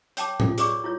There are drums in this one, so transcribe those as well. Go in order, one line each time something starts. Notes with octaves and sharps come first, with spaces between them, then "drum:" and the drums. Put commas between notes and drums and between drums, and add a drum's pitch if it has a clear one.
C#5 G5 A5 D6, drum: hi-hat
F4 A4, drum: tom A2
G#4 B4 C#5 D5 C#6 D6, drum: hi-hat
E4 F4 C#5